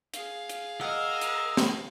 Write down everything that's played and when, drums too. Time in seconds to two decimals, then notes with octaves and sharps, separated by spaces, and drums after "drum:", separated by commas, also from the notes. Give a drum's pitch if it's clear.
0.14 G#4 F5, drum: hi-hat
0.50 drum: hi-hat
0.81 A#4 D#5 F#5 E6
1.21 drum: hi-hat
1.57 drum: snare